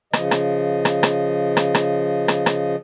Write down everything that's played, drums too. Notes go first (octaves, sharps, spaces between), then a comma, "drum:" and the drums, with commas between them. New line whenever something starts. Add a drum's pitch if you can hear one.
C#3 F3 D#5, drum: rim click
drum: rim click
drum: rim click
drum: rim click
drum: rim click
drum: rim click
drum: rim click
drum: rim click